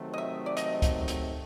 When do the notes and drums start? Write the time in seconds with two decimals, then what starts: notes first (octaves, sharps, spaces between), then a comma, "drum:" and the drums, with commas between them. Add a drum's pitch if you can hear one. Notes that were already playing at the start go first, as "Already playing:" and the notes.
Already playing: C3 D#3 F#3 A3 C4
0.14 D#5
0.18 E5
0.46 D5
0.57 D#5, drum: hi-hat
0.82 drum: kick C#2, hi-hat
1.08 drum: hi-hat